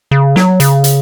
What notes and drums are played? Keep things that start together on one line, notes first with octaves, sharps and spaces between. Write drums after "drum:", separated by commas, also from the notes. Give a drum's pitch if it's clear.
C#3
F#3, drum: snare
C#3, drum: hi-hat
drum: hi-hat